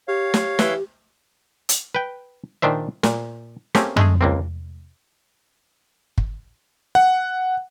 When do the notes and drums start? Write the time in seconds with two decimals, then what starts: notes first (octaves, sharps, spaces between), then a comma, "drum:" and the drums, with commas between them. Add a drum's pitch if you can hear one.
0.08 G4 C#5 F5
0.34 drum: snare
0.59 E3, drum: snare
1.69 drum: hi-hat
1.95 B4 G5
2.62 A#2 D#3 D4 C5 E5
3.03 A#2, drum: snare
3.75 A3 A#3 C4 C#4 G4 G#4, drum: snare
3.97 G#3 A3 G#4, drum: tom
4.21 C#2 A#3 C4
6.18 drum: kick
6.95 F#5